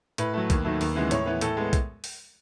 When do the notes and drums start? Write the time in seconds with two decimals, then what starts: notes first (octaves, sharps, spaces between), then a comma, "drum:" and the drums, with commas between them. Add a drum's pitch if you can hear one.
0.18 A2 B4, drum: hi-hat
0.33 F#3 A3
0.50 D#2, drum: kick B1, hi-hat
0.65 D#3 F#3 A3
0.81 D#2, drum: open hi-hat
0.96 C#3 E3 G#3 B3
1.11 A2 C#5, drum: hi-hat
1.26 E3 B3 B4
1.41 A2 A4, drum: hi-hat
1.57 G#3 B3
1.73 drum: kick B1, hi-hat
2.04 drum: open hi-hat